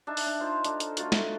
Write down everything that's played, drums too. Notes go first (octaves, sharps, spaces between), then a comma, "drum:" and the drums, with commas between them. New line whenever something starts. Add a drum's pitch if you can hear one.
D4 D#4 E5 A5
drum: open hi-hat
D4
D#4 F4 C5 F5
D4 D#4 A4, drum: hi-hat
drum: hi-hat
A3 F4 F#4, drum: hi-hat
drum: snare